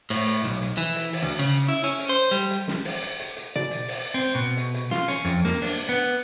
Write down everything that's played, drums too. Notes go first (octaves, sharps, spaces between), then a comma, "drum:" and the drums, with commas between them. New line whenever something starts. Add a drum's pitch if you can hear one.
A2, drum: open hi-hat
drum: hi-hat
B1
drum: hi-hat
E3
drum: hi-hat
drum: open hi-hat
D2
C#3
E4
C#4, drum: hi-hat
drum: hi-hat
C5
G3, drum: hi-hat
drum: hi-hat
drum: snare
drum: open hi-hat
drum: hi-hat
drum: hi-hat
drum: hi-hat
D5, drum: tom B2
drum: hi-hat
drum: open hi-hat
C4
B2
drum: hi-hat
drum: hi-hat
F4, drum: snare
C#4, drum: hi-hat
F2, drum: hi-hat
A#3, drum: snare
D4, drum: open hi-hat
drum: hi-hat
B3